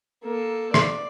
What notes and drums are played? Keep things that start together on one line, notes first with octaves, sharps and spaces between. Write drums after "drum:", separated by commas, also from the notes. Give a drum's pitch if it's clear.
A#3 A4
D5, drum: rim click